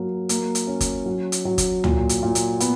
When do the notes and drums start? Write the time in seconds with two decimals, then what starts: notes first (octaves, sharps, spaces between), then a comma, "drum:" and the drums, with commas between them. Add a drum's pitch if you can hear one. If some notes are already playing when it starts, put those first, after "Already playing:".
Already playing: F#3 A#3
0.29 A#3, drum: hi-hat
0.55 drum: hi-hat
0.67 C#4
0.81 drum: kick G1, hi-hat
1.06 F#3
1.32 drum: hi-hat
1.45 F#3
1.58 drum: kick G1, hi-hat
1.84 A#2, drum: tom C#2
2.09 drum: hi-hat
2.23 A#2
2.35 drum: hi-hat
2.60 B3, drum: hi-hat